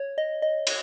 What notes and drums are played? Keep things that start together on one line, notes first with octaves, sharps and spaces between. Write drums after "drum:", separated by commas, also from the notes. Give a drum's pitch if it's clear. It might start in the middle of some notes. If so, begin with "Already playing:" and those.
Already playing: C#5
D#5
D#5
drum: cymbal